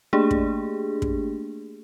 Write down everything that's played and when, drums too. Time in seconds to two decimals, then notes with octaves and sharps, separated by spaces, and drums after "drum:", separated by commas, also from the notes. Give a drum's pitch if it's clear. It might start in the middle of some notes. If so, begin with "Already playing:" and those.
0.13 A3 A#3 D4 G4 G#4
0.31 drum: kick
1.02 drum: kick